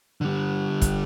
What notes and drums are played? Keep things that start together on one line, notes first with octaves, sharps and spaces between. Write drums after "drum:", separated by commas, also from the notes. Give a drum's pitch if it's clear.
D3 G3
drum: kick, hi-hat